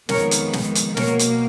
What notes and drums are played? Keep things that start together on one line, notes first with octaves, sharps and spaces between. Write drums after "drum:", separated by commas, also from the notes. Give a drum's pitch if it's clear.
F2 D#3 G#3 B3 A#4 C#5, drum: snare
drum: hi-hat
drum: snare
drum: hi-hat
B2 A#3 A#4 C#5, drum: snare
drum: hi-hat